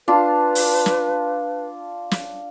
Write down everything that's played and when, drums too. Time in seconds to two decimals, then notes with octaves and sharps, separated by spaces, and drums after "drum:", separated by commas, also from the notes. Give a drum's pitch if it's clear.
0.08 D4 F4 B4
0.55 drum: open hi-hat
0.86 drum: snare
2.11 drum: snare